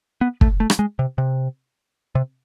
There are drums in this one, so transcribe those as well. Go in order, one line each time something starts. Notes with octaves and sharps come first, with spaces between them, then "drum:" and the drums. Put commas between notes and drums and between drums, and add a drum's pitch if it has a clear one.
B3
A3, drum: kick
A3
drum: rim click
G#3
C3
C3
C3